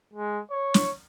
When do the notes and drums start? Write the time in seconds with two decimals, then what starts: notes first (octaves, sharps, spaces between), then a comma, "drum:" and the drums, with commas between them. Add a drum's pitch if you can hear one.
0.14 G#3
0.51 C#5
0.74 drum: snare